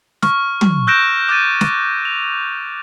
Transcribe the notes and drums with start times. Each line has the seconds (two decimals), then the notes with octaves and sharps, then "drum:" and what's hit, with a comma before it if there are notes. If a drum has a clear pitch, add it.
0.22 C#6 F6, drum: snare
0.61 drum: tom
0.87 E6 F#6 G6 A#6 D7 E7
1.29 D6 F#6 A6 D#7
1.61 drum: snare
2.05 F7